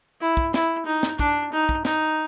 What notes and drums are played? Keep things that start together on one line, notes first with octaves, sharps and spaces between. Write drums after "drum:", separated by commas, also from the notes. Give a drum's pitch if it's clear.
E4
drum: kick
E4, drum: snare
D#4
drum: snare
D4, drum: kick
D#4
drum: kick
D#4, drum: snare